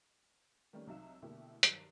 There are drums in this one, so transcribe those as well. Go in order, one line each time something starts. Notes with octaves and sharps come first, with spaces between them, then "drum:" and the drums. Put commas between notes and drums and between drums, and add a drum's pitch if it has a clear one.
D#3 G3 A3 A#3 C#4
C2 F#3 D#4 E5 F5 E6
B2 D3 A3 A#3 E4 G4
G2 D#3 F#3, drum: hi-hat